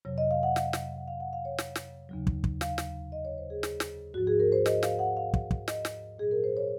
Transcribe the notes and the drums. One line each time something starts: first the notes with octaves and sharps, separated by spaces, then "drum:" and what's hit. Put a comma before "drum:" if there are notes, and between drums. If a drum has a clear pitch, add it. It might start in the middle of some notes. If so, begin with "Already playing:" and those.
F2 C3 F#3 C#5
D#5
F5
F#5
F5, drum: snare
drum: snare
F#5
F5
F#5
F5
C#5
drum: snare
drum: snare
D#2 C#3 F#3
drum: kick
drum: kick
F5, drum: snare
drum: snare
D#5
C#5
C5
G#4
drum: snare
drum: snare
G#2 F3 F#4
G#4
A#4
C5
D#5, drum: snare
F5, drum: snare
F#5
F5
drum: kick
drum: kick
D#5, drum: snare
drum: snare
A#2 F#3 G#4
A#4
C5
C#5